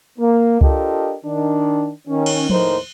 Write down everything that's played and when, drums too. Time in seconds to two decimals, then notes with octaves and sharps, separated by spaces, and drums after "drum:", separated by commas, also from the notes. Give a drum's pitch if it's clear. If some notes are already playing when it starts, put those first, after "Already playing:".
0.19 A#3
0.61 D4 F4 G4 A4 A#4 D#5, drum: kick C#2
1.24 D#3 D4
2.07 D#3 C#4
2.26 drum: cymbal
2.50 D#2 A2 D#4 A#4 C5, drum: tom F3